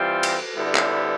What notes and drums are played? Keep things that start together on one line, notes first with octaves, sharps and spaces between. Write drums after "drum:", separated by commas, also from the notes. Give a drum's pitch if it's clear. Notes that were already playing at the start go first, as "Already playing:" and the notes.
Already playing: E3 G3 C4 F4
drum: cymbal
D3 G3 B3 E4
drum: clap